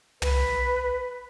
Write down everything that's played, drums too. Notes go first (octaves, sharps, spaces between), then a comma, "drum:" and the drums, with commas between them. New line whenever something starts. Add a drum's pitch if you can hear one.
B4, drum: tom